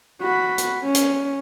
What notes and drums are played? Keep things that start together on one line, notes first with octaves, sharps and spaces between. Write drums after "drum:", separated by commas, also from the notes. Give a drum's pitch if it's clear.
F#4 B5
drum: hi-hat
C#4
drum: hi-hat